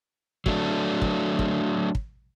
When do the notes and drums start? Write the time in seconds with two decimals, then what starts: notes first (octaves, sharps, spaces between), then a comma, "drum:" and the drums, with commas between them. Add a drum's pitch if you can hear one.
0.46 F#3 A3 D4, drum: kick
1.02 drum: kick
1.39 drum: kick
1.95 drum: kick